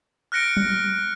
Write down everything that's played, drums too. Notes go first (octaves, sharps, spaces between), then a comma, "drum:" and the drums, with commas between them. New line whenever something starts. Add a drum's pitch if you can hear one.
F6 F#6 A#6 C#7 D7
drum: tom F#3